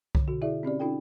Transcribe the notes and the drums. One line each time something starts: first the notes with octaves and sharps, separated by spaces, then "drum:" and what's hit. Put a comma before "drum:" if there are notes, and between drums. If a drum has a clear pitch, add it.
D3, drum: kick C2
B2 F#4
E4 G#4 D5 E5
C4 C#4 G4 D5
C#4 D#4 F4 A4 G5